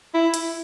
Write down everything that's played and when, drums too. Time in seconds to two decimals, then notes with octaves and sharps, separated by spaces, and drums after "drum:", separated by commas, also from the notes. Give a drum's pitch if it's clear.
0.14 E4
0.34 drum: hi-hat